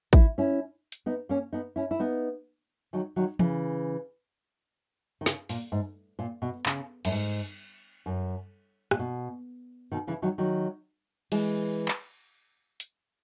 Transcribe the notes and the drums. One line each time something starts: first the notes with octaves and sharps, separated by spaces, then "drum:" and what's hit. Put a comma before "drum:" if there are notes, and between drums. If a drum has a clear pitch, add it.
E4, drum: kick
C#4 E4
drum: hi-hat
B3 D#4
A#3 C#4
B3 D#4
C#4 E4
E4
B3 D#4
D#3 F#3
D#3 F#3
C#3 E3, drum: tom E3
D#3
C#3, drum: snare
A#2, drum: open hi-hat
G#2
A#2
B2
C#3, drum: clap
F#2, drum: cymbal
G#2
F#2
A#2, drum: rim click
B2
B2 D#3
C#3 E3
D#3 F#3
D#3 F#3
E3 G#3, drum: cymbal
drum: clap
drum: hi-hat